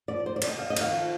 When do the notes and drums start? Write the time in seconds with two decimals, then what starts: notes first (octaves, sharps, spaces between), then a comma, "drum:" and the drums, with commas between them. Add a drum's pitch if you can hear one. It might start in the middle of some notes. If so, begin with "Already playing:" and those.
0.08 F3 D5
0.26 D#3 C5
0.36 D5
0.42 C3, drum: cymbal
0.47 D#5
0.59 C3 F5
0.70 D#5
0.77 D#3 F5, drum: cymbal
0.93 F3